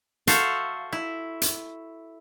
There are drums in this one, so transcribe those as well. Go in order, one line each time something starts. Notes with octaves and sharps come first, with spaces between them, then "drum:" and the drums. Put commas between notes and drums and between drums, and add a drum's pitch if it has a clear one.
F#4 A4 C5 E5 F5, drum: hi-hat
E4
drum: hi-hat